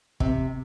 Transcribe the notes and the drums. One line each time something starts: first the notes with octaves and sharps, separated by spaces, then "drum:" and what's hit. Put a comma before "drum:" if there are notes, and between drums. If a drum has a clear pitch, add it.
C3, drum: kick